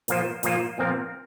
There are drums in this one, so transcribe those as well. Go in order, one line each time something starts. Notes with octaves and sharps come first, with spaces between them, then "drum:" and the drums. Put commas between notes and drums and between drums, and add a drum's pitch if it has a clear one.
A#2 F3 A#3 F4 C5, drum: hi-hat
A#2 F3 A#3 F4 C5, drum: hi-hat
A#2 F3 C4 A#4 F5